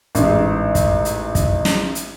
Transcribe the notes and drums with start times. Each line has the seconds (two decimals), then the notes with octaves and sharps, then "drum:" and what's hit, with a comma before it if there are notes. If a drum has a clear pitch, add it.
0.15 A1 G#2, drum: hi-hat
0.75 drum: kick, hi-hat
1.05 drum: hi-hat
1.35 drum: kick, hi-hat
1.65 drum: snare
1.95 drum: hi-hat